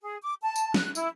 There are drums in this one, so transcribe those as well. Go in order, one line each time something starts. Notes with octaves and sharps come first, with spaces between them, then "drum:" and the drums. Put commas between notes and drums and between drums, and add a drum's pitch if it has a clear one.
G#4
D6
A5
drum: tambourine
F#6, drum: snare
E4, drum: tambourine